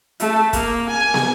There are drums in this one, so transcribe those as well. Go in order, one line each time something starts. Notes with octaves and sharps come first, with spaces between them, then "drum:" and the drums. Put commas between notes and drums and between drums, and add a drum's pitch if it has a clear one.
A3, drum: hi-hat
A#3, drum: kick, hi-hat
G#5
drum: snare